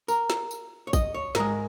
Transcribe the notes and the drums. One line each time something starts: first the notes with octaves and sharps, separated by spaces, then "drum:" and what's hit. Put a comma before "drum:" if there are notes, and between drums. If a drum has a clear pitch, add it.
A#4, drum: tambourine
drum: snare
drum: tambourine
C#5
D#5, drum: kick, tambourine
C#5
G#2 G#3 A#4, drum: snare